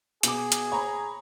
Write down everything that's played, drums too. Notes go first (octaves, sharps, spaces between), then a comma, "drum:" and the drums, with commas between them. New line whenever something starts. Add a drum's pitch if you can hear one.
B2 G#4 D6, drum: hi-hat
drum: hi-hat
C#5 A#5 B5